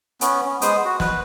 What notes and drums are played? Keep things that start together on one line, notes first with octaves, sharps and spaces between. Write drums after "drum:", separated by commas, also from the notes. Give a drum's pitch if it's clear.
B3 C#4, drum: hi-hat
C#4
G#3 B3 C5 D#6, drum: hi-hat
F#4
B4, drum: snare